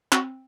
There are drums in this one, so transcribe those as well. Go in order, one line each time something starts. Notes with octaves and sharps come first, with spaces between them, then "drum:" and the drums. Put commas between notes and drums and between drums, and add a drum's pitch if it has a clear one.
C4 F#4, drum: clap